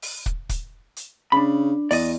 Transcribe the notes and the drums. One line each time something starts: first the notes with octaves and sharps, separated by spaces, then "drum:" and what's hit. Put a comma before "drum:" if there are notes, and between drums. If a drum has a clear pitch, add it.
drum: open hi-hat
drum: kick
drum: kick, hi-hat
drum: hi-hat
C#3 D4 B5
E2 D5 D#5, drum: open hi-hat